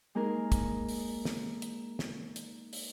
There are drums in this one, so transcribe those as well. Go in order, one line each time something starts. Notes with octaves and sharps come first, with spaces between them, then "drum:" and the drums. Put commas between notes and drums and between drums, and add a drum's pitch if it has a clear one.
G#3 A#3 D#4 G#4 A#4
drum: kick, hi-hat
drum: open hi-hat
drum: snare
drum: hi-hat
drum: snare
drum: hi-hat
drum: open hi-hat